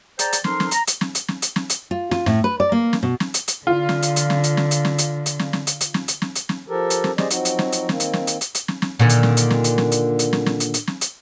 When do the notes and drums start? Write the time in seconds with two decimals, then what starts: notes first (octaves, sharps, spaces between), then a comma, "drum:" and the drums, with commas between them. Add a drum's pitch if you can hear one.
0.19 G#4 C5 D5 G5 A5 A#5, drum: hi-hat
0.33 drum: hi-hat
0.44 F3 D#4 A4 A#4 C6, drum: snare
0.60 drum: snare
0.71 A#5, drum: hi-hat
0.87 drum: hi-hat
1.01 drum: snare
1.15 drum: hi-hat
1.28 drum: snare
1.42 drum: hi-hat
1.56 drum: snare
1.70 drum: hi-hat
1.91 F4
2.11 F4, drum: snare
2.26 A2, drum: snare
2.44 B4
2.60 D5
2.72 A#3
2.93 drum: snare
3.03 B2
3.20 drum: snare
3.34 drum: hi-hat
3.48 drum: hi-hat
3.67 D3 F4
3.89 drum: snare
4.02 drum: hi-hat
4.16 drum: hi-hat
4.30 drum: snare
4.44 drum: hi-hat
4.57 drum: snare
4.71 drum: hi-hat
4.85 drum: snare
4.98 drum: hi-hat
5.26 drum: hi-hat
5.39 drum: snare
5.53 drum: snare
5.67 drum: hi-hat
5.81 drum: hi-hat
5.94 drum: snare
6.08 drum: hi-hat
6.22 drum: snare
6.35 drum: hi-hat
6.49 drum: snare
6.69 F3 G4 A4 A#4
6.90 drum: hi-hat
7.04 drum: snare
7.18 G4 G#4 C5 D5 D#5, drum: snare
7.30 F3 F#3 C4 D#4 F#4, drum: hi-hat
7.45 drum: hi-hat
7.59 drum: snare
7.72 drum: hi-hat
7.89 D#3 A#3 C4, drum: snare
8.00 drum: hi-hat
8.13 drum: snare
8.27 drum: hi-hat
8.41 drum: hi-hat
8.55 drum: hi-hat
8.68 drum: snare
8.82 drum: snare
8.99 A#2 D3 D#3
9.09 drum: hi-hat
9.23 drum: snare
9.37 drum: hi-hat
9.50 drum: snare
9.64 drum: hi-hat
9.78 drum: snare
9.92 drum: hi-hat
10.19 drum: hi-hat
10.33 drum: snare
10.46 drum: snare
10.60 drum: hi-hat
10.74 drum: hi-hat
10.87 drum: snare
11.01 drum: hi-hat